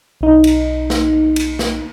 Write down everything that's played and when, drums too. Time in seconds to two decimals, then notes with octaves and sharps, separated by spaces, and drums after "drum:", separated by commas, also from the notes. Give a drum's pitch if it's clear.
0.21 B1 D#4
0.44 drum: cymbal
0.90 drum: snare
1.36 drum: cymbal
1.59 drum: snare